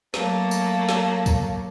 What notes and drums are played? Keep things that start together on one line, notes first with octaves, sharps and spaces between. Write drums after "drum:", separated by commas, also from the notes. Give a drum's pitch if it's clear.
F#3 A3 A#3, drum: snare
drum: tambourine
drum: snare
drum: kick, tambourine